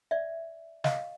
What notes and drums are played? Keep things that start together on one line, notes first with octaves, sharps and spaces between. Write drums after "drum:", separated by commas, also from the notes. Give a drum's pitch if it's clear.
D5 E5
D#5 F5, drum: snare